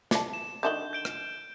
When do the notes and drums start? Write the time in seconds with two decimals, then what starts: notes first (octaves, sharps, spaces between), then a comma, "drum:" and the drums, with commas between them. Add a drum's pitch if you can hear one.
0.11 D5 A5, drum: snare
0.33 E7
0.63 D3 D#3 F#4 G6 E7 G7
0.93 G6 D7 G7
1.05 drum: rim click